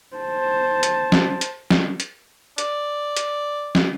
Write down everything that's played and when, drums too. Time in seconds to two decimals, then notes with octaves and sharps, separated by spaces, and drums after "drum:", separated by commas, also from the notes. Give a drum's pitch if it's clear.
0.17 C5 A5
0.83 drum: hi-hat
1.12 drum: snare
1.41 drum: hi-hat
1.71 drum: snare
2.00 drum: hi-hat
2.58 D5, drum: hi-hat
3.17 drum: hi-hat
3.75 drum: snare